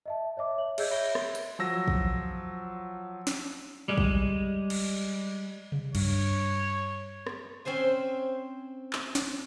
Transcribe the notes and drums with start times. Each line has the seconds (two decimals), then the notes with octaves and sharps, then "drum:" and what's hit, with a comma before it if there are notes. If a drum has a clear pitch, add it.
0.06 D#5 E5 A5
0.37 C#5 D#5 E5 D6
0.58 C#5 E5 F#7
0.78 G#4 C#5 D#5 E6 G6 G#6, drum: cymbal
0.91 C#5 E5 B5 G#6 A#6 G7
1.15 drum: rim click
1.35 drum: hi-hat
1.59 F3 F#3 E6 A#6
1.88 drum: kick
3.27 drum: snare
3.88 G3 G#3
3.98 drum: kick
4.70 drum: cymbal
5.72 drum: tom C3
5.95 G2 C#5, drum: cymbal
7.27 drum: rim click
7.65 C4 C#4 C5 G#5
8.93 drum: clap
9.15 drum: snare